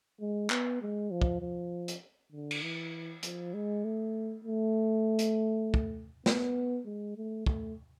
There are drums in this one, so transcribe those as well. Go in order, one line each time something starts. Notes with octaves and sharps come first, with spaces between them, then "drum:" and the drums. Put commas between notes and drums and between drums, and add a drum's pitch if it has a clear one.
G#3
B3, drum: clap
G#3
F3
drum: kick
F3
drum: hi-hat
D3
drum: cymbal
E3
F3, drum: hi-hat
G#3
A3
A3
drum: hi-hat
drum: kick
B3, drum: snare
G#3
A3
A3, drum: kick